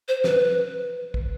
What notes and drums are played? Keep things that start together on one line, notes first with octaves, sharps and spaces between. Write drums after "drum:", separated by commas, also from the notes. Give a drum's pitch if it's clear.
C5
B4, drum: snare
drum: kick